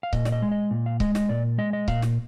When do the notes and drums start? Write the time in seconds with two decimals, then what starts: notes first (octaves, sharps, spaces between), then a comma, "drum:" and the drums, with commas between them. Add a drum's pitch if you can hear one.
0.03 F5
0.13 A#2 D#5, drum: kick C#1
0.25 D5, drum: snare
0.32 D#5
0.42 G#3
0.52 D#5
0.71 A#2
0.86 F5
1.00 G#3 D#5, drum: kick C#1
1.15 D#5, drum: snare
1.29 A#2 D5
1.58 G#3 D#5
1.73 D#5
1.88 A#2 F5, drum: kick C#1
2.02 drum: snare